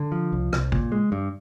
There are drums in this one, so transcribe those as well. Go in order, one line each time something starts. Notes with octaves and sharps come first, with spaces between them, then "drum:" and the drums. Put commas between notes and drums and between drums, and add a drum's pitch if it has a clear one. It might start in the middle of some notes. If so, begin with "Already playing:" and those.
Already playing: D3
F3
C2
C2, drum: rim click
A#2, drum: kick
G#3
G2